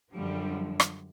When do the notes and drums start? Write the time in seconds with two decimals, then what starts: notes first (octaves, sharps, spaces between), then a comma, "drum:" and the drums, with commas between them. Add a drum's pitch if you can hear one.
0.13 F#2 D3 F3 G3
0.80 drum: rim click